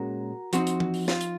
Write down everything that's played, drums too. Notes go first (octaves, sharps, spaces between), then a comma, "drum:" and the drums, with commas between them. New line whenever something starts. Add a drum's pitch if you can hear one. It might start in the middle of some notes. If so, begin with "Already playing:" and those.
Already playing: A#2 G#3 C#4 F#4 A#4
F3 C4 D#4 F#4, drum: hi-hat
drum: hi-hat
drum: tom
drum: open hi-hat
F4, drum: snare
drum: hi-hat